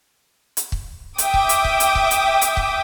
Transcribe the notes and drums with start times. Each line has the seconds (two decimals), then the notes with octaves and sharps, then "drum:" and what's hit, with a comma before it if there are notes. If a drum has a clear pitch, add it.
0.57 drum: hi-hat
0.72 drum: kick
1.18 E5 G5 D6 D#6, drum: hi-hat
1.34 drum: kick
1.49 drum: hi-hat
1.65 drum: kick
1.80 drum: hi-hat
1.95 drum: kick
2.11 drum: hi-hat
2.41 drum: hi-hat
2.57 drum: kick